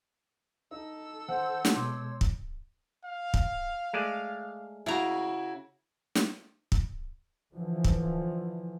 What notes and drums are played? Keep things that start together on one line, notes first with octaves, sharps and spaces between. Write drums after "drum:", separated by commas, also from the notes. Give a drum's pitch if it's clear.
D#4 A4 E6
D#3 C5 F#5
drum: snare
B2 G#3 C#5 C6 D6 G6
drum: kick
F5
drum: kick
G#3 A3 D5
C#3 E4 F#4 A#5
drum: snare
drum: kick
D3 E3 F3
drum: kick